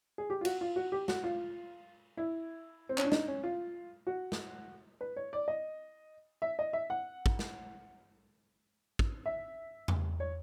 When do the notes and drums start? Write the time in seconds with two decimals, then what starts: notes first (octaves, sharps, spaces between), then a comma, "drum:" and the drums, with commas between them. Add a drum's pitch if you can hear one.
0.18 G#4
0.30 G4
0.41 F4
0.45 F#4, drum: cymbal
0.61 F4
0.76 F#4
0.92 G4
1.08 F#4, drum: snare
1.24 F4
2.17 E4
2.89 C4
2.98 C#4, drum: clap
3.04 D4
3.12 D#4, drum: snare
3.28 C#4
3.43 F4
4.07 F#4
4.32 drum: snare
5.01 B4
5.16 C#5
5.33 D5
5.48 D#5
6.42 E5
6.59 D#5
6.73 E5
6.90 F#5
7.26 drum: kick
7.39 drum: snare
8.99 drum: kick
9.26 E5
9.88 drum: tom E2
10.20 C#5